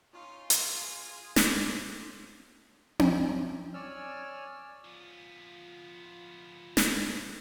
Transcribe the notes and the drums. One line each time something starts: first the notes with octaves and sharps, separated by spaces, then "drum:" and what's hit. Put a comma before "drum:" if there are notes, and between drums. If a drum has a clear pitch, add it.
C#4 D#4 F4
G#4, drum: hi-hat
C5 D6, drum: snare
drum: tom C4
C#5 D5 G#5 E6 F6
F3 B3 F4
drum: snare